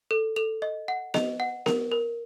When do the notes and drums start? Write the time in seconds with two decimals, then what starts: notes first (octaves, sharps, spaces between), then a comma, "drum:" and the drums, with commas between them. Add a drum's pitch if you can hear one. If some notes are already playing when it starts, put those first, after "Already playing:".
0.11 A4
0.36 A4 F7
0.62 D#5
0.88 F#5
1.14 D#5 F7, drum: snare B3
1.40 F#5
1.66 A#4, drum: snare B3
1.92 A#4